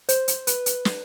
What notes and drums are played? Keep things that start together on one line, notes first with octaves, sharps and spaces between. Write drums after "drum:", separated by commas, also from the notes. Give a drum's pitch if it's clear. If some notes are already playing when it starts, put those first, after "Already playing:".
C5, drum: hi-hat
drum: hi-hat
B4, drum: hi-hat
drum: hi-hat
drum: snare